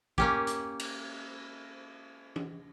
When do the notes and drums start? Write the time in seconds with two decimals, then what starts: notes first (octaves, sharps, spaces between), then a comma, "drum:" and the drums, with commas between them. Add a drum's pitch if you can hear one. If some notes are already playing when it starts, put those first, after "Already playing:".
0.18 A#3 C#4 G4, drum: kick
0.47 drum: hi-hat
0.80 drum: cymbal
2.36 drum: tom